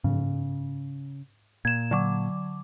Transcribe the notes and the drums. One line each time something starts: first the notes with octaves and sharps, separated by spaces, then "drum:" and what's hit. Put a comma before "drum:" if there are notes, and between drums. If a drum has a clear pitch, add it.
C#3, drum: tom G#2
A#2 G#6 E7
D3 F#3 D6